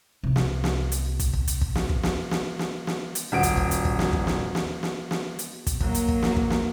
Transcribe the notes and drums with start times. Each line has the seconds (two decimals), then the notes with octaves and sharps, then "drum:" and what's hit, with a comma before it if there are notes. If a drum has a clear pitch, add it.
0.23 C2 C3
0.36 drum: snare
0.64 drum: snare
0.92 drum: hi-hat
1.20 drum: kick, hi-hat
1.34 drum: kick
1.47 drum: hi-hat
1.61 drum: kick
1.75 drum: snare
1.89 drum: kick
2.03 drum: snare
2.31 drum: snare
2.59 drum: snare
2.87 drum: snare
3.15 drum: hi-hat
3.32 D#1 F#4 D7
3.43 drum: kick, hi-hat
3.57 drum: kick
3.71 drum: hi-hat
3.85 drum: kick
3.99 drum: snare
4.13 drum: kick
4.27 drum: snare
4.55 drum: snare
4.83 drum: snare
5.11 drum: snare
5.39 drum: hi-hat
5.67 drum: kick, hi-hat
5.81 F#3 A#3, drum: kick
5.95 drum: hi-hat
6.08 drum: kick
6.22 drum: snare
6.36 drum: kick
6.50 drum: snare